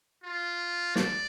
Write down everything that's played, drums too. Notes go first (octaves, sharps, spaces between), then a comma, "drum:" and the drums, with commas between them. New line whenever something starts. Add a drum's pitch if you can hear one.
F4
D5, drum: snare